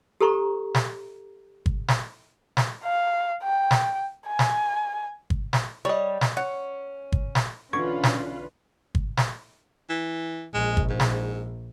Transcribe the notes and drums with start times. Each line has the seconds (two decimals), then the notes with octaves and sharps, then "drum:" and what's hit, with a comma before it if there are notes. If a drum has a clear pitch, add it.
0.20 G4 A4 C5 A#5 C#6
0.75 drum: snare
1.66 drum: kick G1
1.88 drum: snare
2.57 drum: snare
2.84 F5
3.43 G5
3.71 drum: snare
4.27 G#5
4.39 drum: snare
5.30 drum: kick G1
5.53 drum: snare
5.85 G3 C#5 D#5
6.21 drum: snare
6.37 C#4 F#5
7.12 drum: kick G1
7.35 drum: snare
7.73 B1 D3 E3 C#4 F4 B4 C#6 G#6
8.04 drum: snare
8.95 drum: kick G1
9.17 drum: snare
9.90 E3
10.54 A#1 G#3
10.77 drum: kick G1
10.90 G#2
11.00 drum: snare